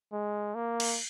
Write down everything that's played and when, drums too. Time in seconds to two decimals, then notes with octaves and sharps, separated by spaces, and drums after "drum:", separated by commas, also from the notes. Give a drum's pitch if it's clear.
0.12 G#3
0.55 A#3
0.80 drum: cymbal